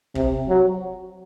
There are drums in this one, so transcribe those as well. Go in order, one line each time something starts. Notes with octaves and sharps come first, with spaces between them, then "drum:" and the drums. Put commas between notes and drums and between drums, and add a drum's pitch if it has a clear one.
C3, drum: kick
F#3